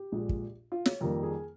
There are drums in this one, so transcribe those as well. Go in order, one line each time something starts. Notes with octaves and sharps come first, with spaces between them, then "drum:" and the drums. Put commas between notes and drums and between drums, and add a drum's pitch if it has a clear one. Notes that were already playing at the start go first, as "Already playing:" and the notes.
Already playing: G4
A#1 A#2 G#3
drum: kick
F4
C#5, drum: snare
F2 D#3 G3 A#3 A#4
G#4